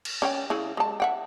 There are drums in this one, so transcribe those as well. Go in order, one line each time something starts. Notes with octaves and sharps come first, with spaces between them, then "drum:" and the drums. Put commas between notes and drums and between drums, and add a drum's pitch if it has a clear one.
drum: cymbal
C#4 C#5 G5
C#3 E4 G#4
G#3 A5
E5 F#5 G5